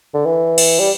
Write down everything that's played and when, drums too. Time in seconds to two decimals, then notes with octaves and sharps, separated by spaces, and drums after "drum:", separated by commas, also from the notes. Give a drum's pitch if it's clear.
0.14 D3
0.26 E3
0.58 drum: cymbal
0.80 G3